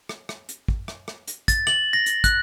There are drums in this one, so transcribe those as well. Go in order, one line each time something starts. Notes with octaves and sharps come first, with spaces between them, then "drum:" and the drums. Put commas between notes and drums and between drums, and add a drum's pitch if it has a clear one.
drum: rim click
drum: rim click
drum: hi-hat
drum: kick
drum: rim click
drum: rim click
drum: hi-hat
A6, drum: kick, hi-hat
F#7, drum: rim click
A#6
drum: hi-hat
F#6, drum: kick, hi-hat